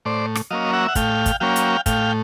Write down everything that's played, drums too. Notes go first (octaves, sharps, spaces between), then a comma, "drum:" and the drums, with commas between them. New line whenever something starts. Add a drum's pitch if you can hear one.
A2 C5 D5
drum: rim click
F#3 A#3 C#4 D#5 F5
E5 F#5
F#5
A2 F5 G5, drum: kick, hi-hat
drum: kick, hi-hat
F#3 A#3 C#4 F5 G5
drum: hi-hat
A2 F5 G5, drum: kick, hi-hat